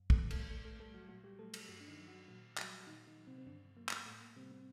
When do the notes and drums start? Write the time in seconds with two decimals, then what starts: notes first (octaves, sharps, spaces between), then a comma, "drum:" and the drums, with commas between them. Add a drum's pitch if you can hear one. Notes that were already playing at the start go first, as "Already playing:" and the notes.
Already playing: F#2
0.10 A3 A4, drum: kick
0.21 D#3 F#3
0.30 A3 A4, drum: cymbal
0.49 A2 A3 A4
0.64 A3 A4
0.79 G3 A3 A4
0.94 F#3 F#4
1.09 A#2 F#3 F#4
1.24 G3 G4
1.39 F#3 A3 A4
1.54 A3 A4, drum: cymbal
1.68 G2 F#3 F#4
1.81 D4
1.88 D#3 D#4
1.98 F#3
2.08 F#3 F#4
2.28 A#2 F#3 F#4
2.58 F#3 G3 F#4, drum: clap
2.81 F#4
2.87 A#2 D#3 D#4
3.07 D#3 D#4
3.17 F#3
3.27 C3 C4
3.38 C4
3.46 G2 D3 D4
3.77 F#3 A#3
3.89 drum: clap
4.06 A2 A3
4.21 A#3
4.36 C3 G3 C4
4.50 C3 C4